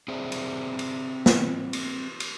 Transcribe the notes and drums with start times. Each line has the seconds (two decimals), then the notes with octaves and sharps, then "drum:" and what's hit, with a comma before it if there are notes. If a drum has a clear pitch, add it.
0.08 C4 G#4 C5 D5 E5
0.32 drum: cymbal
0.79 drum: cymbal
1.26 drum: snare
1.73 drum: cymbal
2.20 drum: cymbal